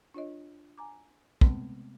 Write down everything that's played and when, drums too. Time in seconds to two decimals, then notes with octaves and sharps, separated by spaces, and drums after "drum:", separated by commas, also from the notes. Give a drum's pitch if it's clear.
0.14 D4 F4 C#5 D#5
0.78 G#5 A#5 D6
1.41 C3 G#3 A3 B3 C4, drum: kick